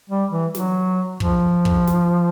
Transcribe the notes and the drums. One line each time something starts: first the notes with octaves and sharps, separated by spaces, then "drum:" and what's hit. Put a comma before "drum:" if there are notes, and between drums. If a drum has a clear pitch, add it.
G3
E3
F#3, drum: snare
F3, drum: kick
drum: kick
drum: snare